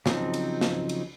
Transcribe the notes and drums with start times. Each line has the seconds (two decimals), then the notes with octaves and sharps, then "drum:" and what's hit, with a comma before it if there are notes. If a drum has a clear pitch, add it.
0.06 C#3 F3 F#3 C4 D#4, drum: snare
0.34 drum: cymbal
0.61 drum: snare
0.89 drum: cymbal